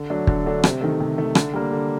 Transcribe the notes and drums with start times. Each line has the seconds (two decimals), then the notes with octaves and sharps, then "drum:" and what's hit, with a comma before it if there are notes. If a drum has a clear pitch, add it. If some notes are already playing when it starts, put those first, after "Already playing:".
Already playing: D3
0.10 F#3 A3 D4
0.27 D3, drum: kick
0.45 F#3 A3 D4
0.64 C3, drum: rim click
0.81 D#3 A3
1.00 C3
1.18 D#3 A3
1.35 D3, drum: rim click
1.53 G3 A#3 D4
1.72 D3